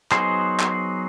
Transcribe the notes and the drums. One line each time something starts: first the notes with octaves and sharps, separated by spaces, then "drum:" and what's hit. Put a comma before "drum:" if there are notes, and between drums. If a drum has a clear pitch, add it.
F#3 B3 D#4 G#4 C5, drum: clap
drum: clap